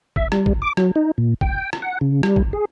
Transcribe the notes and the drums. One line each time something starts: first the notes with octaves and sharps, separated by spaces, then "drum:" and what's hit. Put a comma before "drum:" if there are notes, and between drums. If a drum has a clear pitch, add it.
E5, drum: kick
G3, drum: rim click
drum: kick
D6
F#3, drum: rim click
D#4
A#2
G5, drum: kick
drum: rim click
F#5
C#3
G3, drum: rim click
drum: kick
G#4